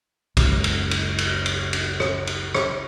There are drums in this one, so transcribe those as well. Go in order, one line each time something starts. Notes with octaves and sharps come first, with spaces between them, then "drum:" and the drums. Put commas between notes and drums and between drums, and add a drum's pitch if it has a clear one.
F#1 C#2, drum: kick, cymbal
drum: cymbal
drum: cymbal
drum: cymbal
drum: cymbal
drum: cymbal
drum: rim click
drum: cymbal
drum: rim click